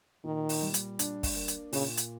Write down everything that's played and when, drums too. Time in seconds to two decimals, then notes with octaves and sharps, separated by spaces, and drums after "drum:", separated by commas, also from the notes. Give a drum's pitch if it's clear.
0.25 A#2 D#3
0.49 drum: open hi-hat
0.62 G3
0.74 drum: hi-hat
0.99 D4, drum: hi-hat
1.23 drum: kick, open hi-hat
1.36 A#3
1.48 drum: hi-hat
1.73 A#2 C#3, drum: open hi-hat
1.97 drum: hi-hat